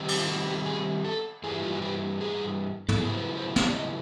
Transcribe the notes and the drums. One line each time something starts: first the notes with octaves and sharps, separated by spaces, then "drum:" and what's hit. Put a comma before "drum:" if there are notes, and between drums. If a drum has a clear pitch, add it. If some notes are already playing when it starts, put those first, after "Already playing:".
Already playing: D#3 G3 C4 D#4
G4, drum: cymbal
F4
F#4
G4
G#4
A4
G2 E3 G3 G#4
E4
F4
F#4
G4
G#4
A4, drum: tom
C#3 F#3 B3 E4 G#4
C5
B4
C5
F5, drum: snare
D5
D#5